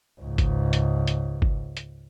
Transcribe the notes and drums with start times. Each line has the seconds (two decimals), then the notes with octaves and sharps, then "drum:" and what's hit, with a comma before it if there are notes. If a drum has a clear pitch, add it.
0.21 C#2 G#2
0.38 drum: kick G1, hi-hat
0.73 drum: hi-hat
1.07 drum: hi-hat
1.42 drum: kick G1
1.77 drum: hi-hat